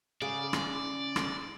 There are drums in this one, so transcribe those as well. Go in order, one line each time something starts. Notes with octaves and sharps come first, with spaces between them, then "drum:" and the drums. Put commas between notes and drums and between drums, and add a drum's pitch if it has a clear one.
C#3 G#4 D5
drum: rim click
drum: rim click